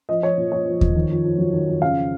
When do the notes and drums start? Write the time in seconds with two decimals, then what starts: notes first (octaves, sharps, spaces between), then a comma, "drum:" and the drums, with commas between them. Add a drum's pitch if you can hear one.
0.09 F3 D#5
0.22 F3 C#5
0.38 A#2
0.52 A#2 C#5
0.66 F3
0.81 F3, drum: kick D#2
0.95 D#3
1.10 F2
1.24 F2
1.38 F#3
1.53 D#3
1.68 F2
1.82 C#3 F5